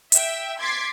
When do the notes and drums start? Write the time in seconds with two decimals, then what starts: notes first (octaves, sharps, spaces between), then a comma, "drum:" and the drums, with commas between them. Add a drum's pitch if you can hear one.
0.12 E5 G5, drum: hi-hat
0.59 C6 D6 G#6 A6 B6 C7